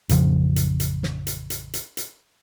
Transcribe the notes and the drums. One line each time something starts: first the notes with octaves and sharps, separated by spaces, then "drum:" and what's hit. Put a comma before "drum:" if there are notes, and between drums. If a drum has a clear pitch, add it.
A1 F2 C#3 F3, drum: hi-hat
drum: hi-hat
drum: hi-hat
drum: snare
drum: hi-hat
drum: hi-hat
drum: hi-hat
drum: hi-hat